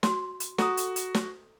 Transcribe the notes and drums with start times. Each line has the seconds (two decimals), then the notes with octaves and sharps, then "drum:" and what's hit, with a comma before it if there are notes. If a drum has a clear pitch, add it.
0.03 F#4 C6, drum: snare
0.40 drum: hi-hat
0.58 F#4 A4 A#5 D#6, drum: snare
0.77 drum: hi-hat
0.96 drum: hi-hat
1.14 drum: snare